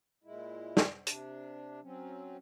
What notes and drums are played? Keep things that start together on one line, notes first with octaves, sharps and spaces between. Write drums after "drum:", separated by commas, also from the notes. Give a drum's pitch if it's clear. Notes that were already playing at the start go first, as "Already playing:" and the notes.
A#2 G#3 E4
drum: snare
C3 D4, drum: hi-hat
F#3 C4 C#4